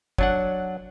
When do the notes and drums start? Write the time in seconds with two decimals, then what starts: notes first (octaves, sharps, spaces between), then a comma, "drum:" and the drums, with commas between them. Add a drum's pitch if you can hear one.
0.18 F#3 D4 F#5, drum: kick